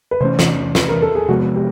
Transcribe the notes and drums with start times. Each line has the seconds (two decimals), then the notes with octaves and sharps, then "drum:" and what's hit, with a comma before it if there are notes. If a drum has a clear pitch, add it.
0.11 B4
0.20 C3 E3 A3 C#4 C5
0.39 drum: snare
0.75 B4, drum: snare
0.89 A#4
1.02 A4
1.15 G#4
1.29 C3 F3 G#3 B3 F#4
1.56 G4